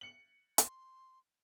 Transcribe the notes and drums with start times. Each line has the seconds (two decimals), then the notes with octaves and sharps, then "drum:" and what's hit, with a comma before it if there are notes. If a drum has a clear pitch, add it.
0.01 C#7 F#7
0.58 C6, drum: hi-hat